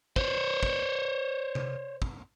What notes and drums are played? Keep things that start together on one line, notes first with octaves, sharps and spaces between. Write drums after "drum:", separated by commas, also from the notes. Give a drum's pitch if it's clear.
C5 C#5, drum: kick
drum: kick
drum: tom C3
drum: kick